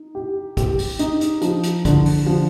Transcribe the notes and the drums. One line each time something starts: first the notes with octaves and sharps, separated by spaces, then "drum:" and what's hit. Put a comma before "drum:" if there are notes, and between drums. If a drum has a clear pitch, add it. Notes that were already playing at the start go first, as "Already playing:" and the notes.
Already playing: D#4
G4
G4, drum: kick, hi-hat
drum: open hi-hat
D#4, drum: hi-hat
drum: hi-hat
F3, drum: hi-hat
drum: hi-hat
D3, drum: kick, hi-hat
drum: open hi-hat
F3